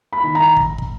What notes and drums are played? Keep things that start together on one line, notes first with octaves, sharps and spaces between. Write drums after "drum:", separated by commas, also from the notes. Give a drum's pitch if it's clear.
B5
D#3
A#5
drum: kick
drum: kick